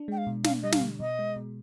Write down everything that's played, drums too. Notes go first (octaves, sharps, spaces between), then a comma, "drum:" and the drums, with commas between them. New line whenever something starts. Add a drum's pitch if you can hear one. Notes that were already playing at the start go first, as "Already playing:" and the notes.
Already playing: D4
G#3 G5
F5
B2
D4 F5, drum: snare
G3 D#5
F5, drum: snare
D3
B2 D#5
G#3
B2